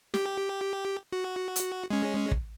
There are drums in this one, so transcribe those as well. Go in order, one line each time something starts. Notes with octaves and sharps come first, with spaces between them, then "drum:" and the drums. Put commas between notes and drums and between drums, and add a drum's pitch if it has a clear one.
G4, drum: snare
F#4
drum: hi-hat
G#3 C#4
drum: kick